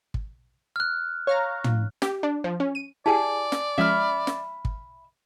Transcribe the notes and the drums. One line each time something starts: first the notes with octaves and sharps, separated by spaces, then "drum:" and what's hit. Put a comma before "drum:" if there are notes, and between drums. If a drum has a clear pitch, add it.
drum: kick
F6 F#6
C#5 F5 A#5
drum: tom
G4, drum: snare
D4
F3
C#4
D#7
E4 G4 G#4 D5 G#5 A5
drum: snare
F3 G#3 C#4 E5 B5 F6
drum: snare
drum: kick